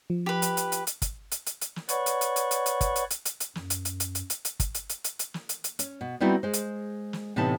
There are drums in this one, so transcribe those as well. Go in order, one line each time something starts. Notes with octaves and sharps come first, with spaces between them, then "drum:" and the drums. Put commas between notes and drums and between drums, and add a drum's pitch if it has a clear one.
F3
G4 B4
drum: hi-hat
drum: hi-hat
drum: hi-hat
drum: hi-hat
drum: kick, hi-hat
drum: hi-hat
drum: hi-hat
drum: hi-hat
drum: snare
B4 C#5 D5 F#5 B5 C#6, drum: hi-hat
drum: hi-hat
drum: hi-hat
drum: hi-hat
drum: hi-hat
drum: hi-hat
drum: kick, hi-hat
drum: hi-hat
drum: hi-hat
drum: hi-hat
drum: hi-hat
F#2, drum: snare
drum: hi-hat
drum: hi-hat
drum: hi-hat
drum: hi-hat
drum: hi-hat
drum: hi-hat
drum: kick, hi-hat
drum: hi-hat
drum: hi-hat
drum: hi-hat
drum: hi-hat
drum: snare
drum: hi-hat
drum: hi-hat
C#4, drum: hi-hat
B2
G3 B3 C4 D#4 E4 F#4
G#3 C5
drum: hi-hat
drum: snare
A2 C3 E3 B3 D#4 A5